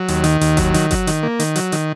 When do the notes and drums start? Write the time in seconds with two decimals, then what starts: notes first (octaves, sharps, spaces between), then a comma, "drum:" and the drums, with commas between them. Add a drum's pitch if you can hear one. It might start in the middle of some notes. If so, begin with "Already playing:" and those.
Already playing: F#3
0.08 D#2, drum: hi-hat
0.24 D#3, drum: hi-hat
0.41 D#2, drum: hi-hat
0.57 F#3, drum: kick G1, hi-hat
0.74 D#3, drum: hi-hat
0.91 F#3, drum: kick G1, hi-hat
1.07 D#3, drum: hi-hat
1.23 A#3
1.40 D#3, drum: hi-hat
1.56 F#3, drum: hi-hat
1.72 D#3, drum: hi-hat